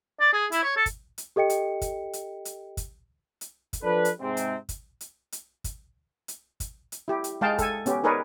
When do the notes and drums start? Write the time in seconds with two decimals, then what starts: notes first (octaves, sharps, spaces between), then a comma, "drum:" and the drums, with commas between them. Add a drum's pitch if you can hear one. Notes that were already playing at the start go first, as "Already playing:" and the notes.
0.20 D5
0.33 G#4
0.52 E4, drum: hi-hat
0.63 C#5
0.77 A4
0.86 drum: kick, hi-hat
1.18 drum: hi-hat
1.36 G4 A4 D#5 G5 C#7
1.50 drum: hi-hat
1.81 drum: kick, hi-hat
2.13 drum: hi-hat
2.45 drum: hi-hat
2.77 drum: kick, hi-hat
3.41 drum: hi-hat
3.73 drum: kick, hi-hat
3.82 F3 D4 A4 B4
4.05 drum: hi-hat
4.20 G#2 C3 C4
4.37 drum: hi-hat
4.69 drum: kick, hi-hat
5.01 drum: hi-hat
5.32 drum: hi-hat
5.64 drum: kick, hi-hat
6.28 drum: hi-hat
6.60 drum: kick, hi-hat
6.92 drum: hi-hat
7.08 E4 G4
7.24 drum: hi-hat
7.41 G#3 G#4 F5 G5 A5
7.58 A4 G#5, drum: kick, hi-hat
7.86 B3 C#4 G4, drum: hi-hat
8.04 D#4 G#4 A#4 B4 C#5 D5